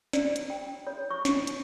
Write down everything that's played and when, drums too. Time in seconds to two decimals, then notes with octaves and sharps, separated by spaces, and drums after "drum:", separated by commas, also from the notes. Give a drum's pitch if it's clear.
0.13 D5, drum: snare
0.36 drum: hi-hat
0.50 G5
0.87 C#5
1.11 C#6
1.25 drum: snare
1.47 drum: hi-hat